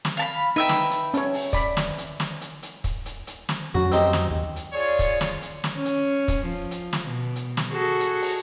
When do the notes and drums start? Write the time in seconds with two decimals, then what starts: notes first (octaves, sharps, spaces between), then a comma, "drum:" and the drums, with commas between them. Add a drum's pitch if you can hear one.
0.05 drum: snare
0.17 F5 A5 B5
0.56 D#4 B4 E5 G5
0.69 drum: snare
0.91 drum: hi-hat
1.14 C#4 C#5, drum: hi-hat
1.34 drum: open hi-hat
1.53 D5 B5, drum: kick, hi-hat
1.77 drum: snare
1.98 drum: hi-hat
2.20 drum: snare
2.41 drum: hi-hat
2.63 drum: hi-hat
2.84 drum: kick, hi-hat
3.06 drum: hi-hat
3.27 drum: hi-hat
3.49 drum: snare
3.75 F2 F#3 C#4 F#4
3.92 C4 D#4 G4, drum: hi-hat
4.13 drum: snare
4.31 D#2
4.56 drum: hi-hat
4.73 F4 G#4 C#5 D5
4.99 drum: kick, hi-hat
5.21 drum: snare
5.42 drum: hi-hat
5.64 drum: snare
5.76 C#4
5.85 drum: hi-hat
6.28 drum: kick, hi-hat
6.46 F3
6.71 drum: hi-hat
6.93 drum: snare
7.08 B2
7.36 drum: hi-hat
7.57 drum: snare
7.72 F#4 G#4 A4
8.00 drum: hi-hat
8.22 drum: open hi-hat